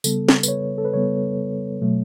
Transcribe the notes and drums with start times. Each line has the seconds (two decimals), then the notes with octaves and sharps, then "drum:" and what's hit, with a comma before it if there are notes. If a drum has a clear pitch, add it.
0.04 C#3 G3 B3 A4, drum: tambourine
0.29 drum: snare
0.43 B4, drum: tambourine
0.48 C#5
0.78 A4
0.85 B4
0.93 C#3 G3 B3 C#5
1.82 B2 F#3 A3